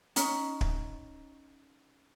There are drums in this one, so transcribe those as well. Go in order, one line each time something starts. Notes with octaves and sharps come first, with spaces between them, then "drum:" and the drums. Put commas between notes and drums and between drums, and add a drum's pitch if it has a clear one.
C#4 D#4, drum: hi-hat
drum: kick